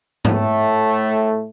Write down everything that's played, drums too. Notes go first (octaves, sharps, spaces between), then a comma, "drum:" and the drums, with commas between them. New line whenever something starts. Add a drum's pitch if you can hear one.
A2 A3, drum: tom